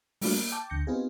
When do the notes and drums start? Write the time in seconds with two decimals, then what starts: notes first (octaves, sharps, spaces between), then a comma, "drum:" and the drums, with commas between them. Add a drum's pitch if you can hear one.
0.21 G3 A3 A#3 D4 F4 F#4, drum: open hi-hat
0.38 A#3
0.52 G5 A5 D6
0.70 D2 G6 A#6 C#7
0.87 B3 C4 D#4 F4 G4 G#4